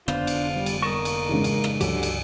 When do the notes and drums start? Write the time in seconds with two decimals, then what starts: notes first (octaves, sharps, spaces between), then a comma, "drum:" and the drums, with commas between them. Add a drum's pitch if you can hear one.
0.08 F1 D3 B3 D4 F4 C5 G6, drum: rim click
0.27 drum: cymbal
0.56 G3
0.66 drum: cymbal
0.82 A#3 C#6 D#6 A6 A#6 E7
1.05 drum: cymbal
1.29 G#2 C#3 E3
1.44 drum: cymbal
1.64 drum: rim click
1.81 C#2 G2 D3 E3 F#3 G4 A4, drum: cymbal
2.03 drum: cymbal